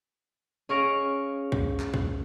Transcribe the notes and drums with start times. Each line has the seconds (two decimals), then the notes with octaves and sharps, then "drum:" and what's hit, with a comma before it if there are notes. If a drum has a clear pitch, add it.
0.69 C#4 G#4 F5 C#6 A#6 D7
1.52 drum: kick B1
1.80 drum: clap
1.94 drum: kick B1